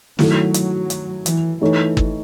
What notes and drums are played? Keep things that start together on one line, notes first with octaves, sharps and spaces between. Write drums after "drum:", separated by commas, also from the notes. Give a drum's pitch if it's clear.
D#3 F#3 A3 E4 A4, drum: snare
drum: hi-hat
drum: hi-hat
E3, drum: hi-hat
E3 A3 D#4 A4 C#5
drum: kick